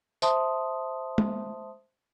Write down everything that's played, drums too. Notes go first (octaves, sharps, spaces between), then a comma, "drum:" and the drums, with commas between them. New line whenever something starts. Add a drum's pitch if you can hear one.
C5 E5 A5 C6 D#6, drum: tambourine
drum: tom G#3